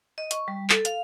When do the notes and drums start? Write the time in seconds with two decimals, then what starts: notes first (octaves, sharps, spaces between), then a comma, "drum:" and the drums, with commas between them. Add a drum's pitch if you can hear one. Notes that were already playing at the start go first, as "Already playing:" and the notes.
0.18 D#5
0.31 C#6, drum: hi-hat
0.48 G3
0.70 A4, drum: clap
0.85 F5, drum: hi-hat